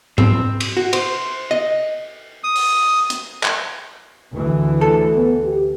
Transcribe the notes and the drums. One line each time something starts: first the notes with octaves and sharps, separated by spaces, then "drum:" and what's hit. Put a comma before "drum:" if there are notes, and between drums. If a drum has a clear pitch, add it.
C4, drum: tom G#2
drum: cymbal
F#4
C5, drum: cymbal
D#5
D#6
drum: open hi-hat
drum: hi-hat
drum: clap
D2 D3 E3
A4
B3
G4